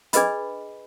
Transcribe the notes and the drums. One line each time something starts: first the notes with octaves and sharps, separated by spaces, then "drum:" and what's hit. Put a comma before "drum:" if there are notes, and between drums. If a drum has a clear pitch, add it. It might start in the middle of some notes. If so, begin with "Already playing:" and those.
D4 G#4 B4 D#5 B5, drum: hi-hat